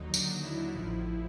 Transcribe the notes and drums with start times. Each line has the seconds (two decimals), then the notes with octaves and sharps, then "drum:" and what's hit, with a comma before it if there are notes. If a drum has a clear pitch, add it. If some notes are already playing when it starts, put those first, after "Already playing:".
Already playing: D#2 D3 F#3 D#4
0.14 D4, drum: tambourine
0.44 E4
0.73 A1 A2 F3